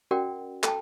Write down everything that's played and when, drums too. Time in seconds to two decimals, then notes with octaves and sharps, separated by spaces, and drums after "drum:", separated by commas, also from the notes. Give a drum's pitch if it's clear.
0.11 C#4 F#4 A#4 D5 F#5 G5
0.63 A4 G5 A5, drum: clap